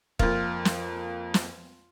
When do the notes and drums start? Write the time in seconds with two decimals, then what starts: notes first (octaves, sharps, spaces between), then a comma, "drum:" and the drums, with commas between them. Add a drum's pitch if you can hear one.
0.19 F2 A#3 F4, drum: kick
0.65 drum: snare
1.34 drum: snare